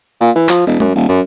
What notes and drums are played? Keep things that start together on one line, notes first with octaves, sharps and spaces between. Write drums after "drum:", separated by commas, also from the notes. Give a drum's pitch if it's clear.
A#2
E3
F3, drum: clap
E1
F#2, drum: tom G#3
D#1
F#2